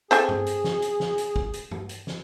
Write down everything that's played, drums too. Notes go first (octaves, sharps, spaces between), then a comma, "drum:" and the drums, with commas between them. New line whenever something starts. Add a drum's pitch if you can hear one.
C4 G#4 A4 G#5, drum: hi-hat
drum: tom G2
drum: hi-hat
drum: snare
drum: hi-hat
drum: snare
drum: hi-hat
drum: kick
drum: hi-hat
drum: tom G2
drum: hi-hat
drum: snare